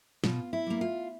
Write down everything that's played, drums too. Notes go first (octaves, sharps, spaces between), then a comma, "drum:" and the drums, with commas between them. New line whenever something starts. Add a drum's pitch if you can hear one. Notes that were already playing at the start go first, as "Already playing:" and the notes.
B2 F4, drum: snare
E4
G3 A#3
F4